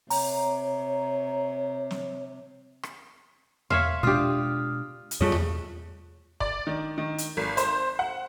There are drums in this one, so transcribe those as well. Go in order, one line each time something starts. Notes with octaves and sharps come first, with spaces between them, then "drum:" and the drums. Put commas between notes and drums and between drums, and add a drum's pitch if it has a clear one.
C3 C#5 A#5, drum: open hi-hat
drum: snare
drum: rim click
C#5 E5 F5 C6, drum: tom E2
B2 G#3 D4 F4 G4 D#6 F6
drum: hi-hat
F2 G3 A3 F4 G#4 C#5 D#5
drum: tom E2
D5, drum: kick
D#3
D#3
drum: hi-hat
G#1
C5, drum: hi-hat
F#5